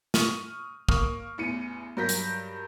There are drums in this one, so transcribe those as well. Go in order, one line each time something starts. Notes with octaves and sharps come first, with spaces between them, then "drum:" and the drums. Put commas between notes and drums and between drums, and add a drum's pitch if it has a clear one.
C#6 D#6 F6 D#7, drum: snare
A#3 C#6 D#6 F6, drum: kick
A1 E2 C#7 D#7
G2 F#3 A#4 G6 A#6 B6
drum: hi-hat